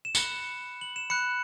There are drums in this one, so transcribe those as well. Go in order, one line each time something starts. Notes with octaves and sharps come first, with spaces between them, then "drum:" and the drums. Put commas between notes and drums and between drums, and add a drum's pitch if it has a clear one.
E7
B5 F#6 C#7, drum: tambourine
F#7
E7
B5 F#6 C#7